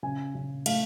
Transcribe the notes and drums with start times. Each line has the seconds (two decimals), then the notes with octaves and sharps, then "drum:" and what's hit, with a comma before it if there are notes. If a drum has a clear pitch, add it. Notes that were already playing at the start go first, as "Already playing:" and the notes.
0.03 C#3 G#5
0.35 C#3
0.66 A3 F5, drum: cymbal